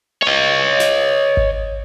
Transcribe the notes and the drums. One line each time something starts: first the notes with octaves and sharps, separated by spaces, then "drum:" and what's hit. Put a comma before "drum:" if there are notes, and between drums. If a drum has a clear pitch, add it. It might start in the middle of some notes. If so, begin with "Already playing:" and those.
C#5 D#5
drum: snare
drum: kick G#1